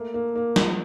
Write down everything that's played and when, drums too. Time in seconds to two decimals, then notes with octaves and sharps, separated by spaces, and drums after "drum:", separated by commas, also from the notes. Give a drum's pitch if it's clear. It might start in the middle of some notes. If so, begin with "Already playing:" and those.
Already playing: A3 A#3
0.14 A#3
0.36 A#3
0.56 F3, drum: snare